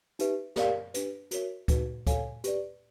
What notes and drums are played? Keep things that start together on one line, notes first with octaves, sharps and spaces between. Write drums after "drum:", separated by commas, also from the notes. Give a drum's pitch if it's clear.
D#4 G4 B4 E5, drum: hi-hat
G4 A#4 D5 F5, drum: snare
D4 G4 B4, drum: hi-hat
F#4 A#4 C#5 E5, drum: hi-hat
D#4 F#4 B4, drum: kick D2, hi-hat
A4 C#5 F5 G#5, drum: kick D2, hi-hat
G4 B4 D5, drum: hi-hat